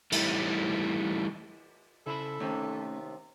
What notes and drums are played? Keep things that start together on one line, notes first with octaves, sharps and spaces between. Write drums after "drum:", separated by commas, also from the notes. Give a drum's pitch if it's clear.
E3 G3 A3 D#4 E4, drum: cymbal
C#3 E4 A4 C5 B5
D#2 C3 A3 C#4